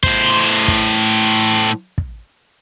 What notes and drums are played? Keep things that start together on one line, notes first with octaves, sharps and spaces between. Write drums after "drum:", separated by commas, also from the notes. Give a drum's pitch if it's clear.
A2 C5, drum: kick
drum: kick
drum: kick